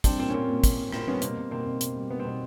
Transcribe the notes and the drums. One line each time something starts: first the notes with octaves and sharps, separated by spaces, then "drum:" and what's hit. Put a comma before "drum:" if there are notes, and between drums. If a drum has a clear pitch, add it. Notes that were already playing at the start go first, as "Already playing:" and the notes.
G3 C4 D4, drum: kick, hi-hat
A#2 A#3 C4
C#4
A#2 A#3 C4
A#2
A#2, drum: kick, hi-hat
A#2
A#2 A#3 C4, drum: rim click
G3 B3 C#4
B2 A#3 C4, drum: hi-hat
B2
B2 A#3 C4
B2
B2, drum: hi-hat
G3
G3 B3
C4
B2 B3